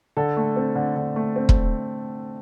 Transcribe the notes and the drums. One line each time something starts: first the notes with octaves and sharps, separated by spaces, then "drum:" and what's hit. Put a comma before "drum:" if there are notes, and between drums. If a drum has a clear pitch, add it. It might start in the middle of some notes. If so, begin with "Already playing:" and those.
D3 A4
A3
C4
D3
D3
A3
C4
drum: kick